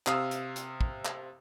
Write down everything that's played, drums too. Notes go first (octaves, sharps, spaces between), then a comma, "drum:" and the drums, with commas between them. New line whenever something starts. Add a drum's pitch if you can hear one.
C3 F5 D#6 E6, drum: clap
drum: hi-hat
drum: hi-hat
drum: kick
drum: clap